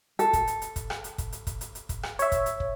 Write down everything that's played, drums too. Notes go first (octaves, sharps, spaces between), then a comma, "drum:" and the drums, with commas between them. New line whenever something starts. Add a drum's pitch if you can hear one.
A4, drum: hi-hat
drum: kick, hi-hat
drum: hi-hat
drum: hi-hat
drum: kick, hi-hat
drum: rim click
drum: hi-hat
drum: kick, hi-hat
drum: hi-hat
drum: kick, hi-hat
drum: hi-hat
drum: hi-hat
drum: kick, hi-hat
drum: rim click
C#5 E5, drum: hi-hat
drum: kick, hi-hat
drum: hi-hat
drum: kick